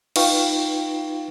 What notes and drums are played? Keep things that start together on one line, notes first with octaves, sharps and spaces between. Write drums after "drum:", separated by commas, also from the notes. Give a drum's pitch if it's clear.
D#4 F4 B4 F5 G5 C#6, drum: cymbal